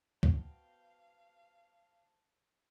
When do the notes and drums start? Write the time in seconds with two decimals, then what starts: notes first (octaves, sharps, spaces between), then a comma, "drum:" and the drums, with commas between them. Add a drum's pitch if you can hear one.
0.23 B3 F#4 C5 F5 G5 A5, drum: kick